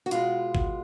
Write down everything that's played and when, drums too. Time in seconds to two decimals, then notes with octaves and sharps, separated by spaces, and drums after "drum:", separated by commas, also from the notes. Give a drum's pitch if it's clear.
0.06 F#4
0.11 B2 G#3 F4, drum: hi-hat
0.55 drum: kick